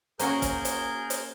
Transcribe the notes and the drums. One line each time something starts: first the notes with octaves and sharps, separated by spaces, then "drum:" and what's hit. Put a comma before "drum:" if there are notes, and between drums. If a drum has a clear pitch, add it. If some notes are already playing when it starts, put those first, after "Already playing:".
A#3 C#4 F#4 G#4 A#4 G6, drum: hi-hat
drum: kick, hi-hat
drum: hi-hat
drum: hi-hat